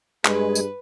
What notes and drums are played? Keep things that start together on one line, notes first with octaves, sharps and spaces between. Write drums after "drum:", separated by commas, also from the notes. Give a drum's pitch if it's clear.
G2 G#3 G#4 B4, drum: clap
drum: tambourine